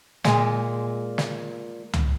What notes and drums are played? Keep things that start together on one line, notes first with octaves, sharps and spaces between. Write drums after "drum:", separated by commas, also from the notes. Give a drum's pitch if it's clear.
A#2 G#3, drum: snare
drum: snare
drum: tom